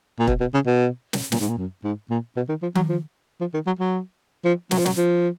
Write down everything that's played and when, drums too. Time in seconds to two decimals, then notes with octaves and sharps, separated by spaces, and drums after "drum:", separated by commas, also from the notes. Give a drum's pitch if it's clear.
0.19 A#2
0.27 B2, drum: kick
0.40 B2
0.54 C#3
0.67 B2
1.13 drum: snare
1.32 A#2, drum: snare
1.40 G#2
1.48 A#2
1.58 F#2
1.84 G#2
2.10 A#2
2.36 B2
2.49 D#3
2.62 F3
2.75 F#3, drum: tom D#3
2.89 F3
3.41 F3
3.54 D#3
3.67 F#3
3.79 F#3
4.45 F3
4.71 F#3, drum: snare
4.78 F3
4.86 F#3, drum: snare
4.97 F3